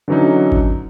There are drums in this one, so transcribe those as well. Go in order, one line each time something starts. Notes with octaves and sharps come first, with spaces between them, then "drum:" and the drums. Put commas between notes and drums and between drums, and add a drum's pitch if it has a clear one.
D3 E3 F#3 C#4 D#4
drum: kick G#1